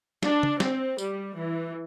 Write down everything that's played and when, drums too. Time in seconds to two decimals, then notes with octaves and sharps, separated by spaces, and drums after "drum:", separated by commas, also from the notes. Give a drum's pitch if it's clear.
0.23 D4, drum: snare
0.43 drum: tom
0.60 C4, drum: snare
0.98 G3, drum: tambourine
1.36 E3